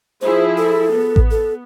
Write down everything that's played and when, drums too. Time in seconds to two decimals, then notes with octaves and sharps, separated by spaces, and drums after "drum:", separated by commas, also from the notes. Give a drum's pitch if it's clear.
0.22 F3 E4 G#4 C5
0.58 A4
0.92 B3
1.16 drum: kick A1
1.31 A4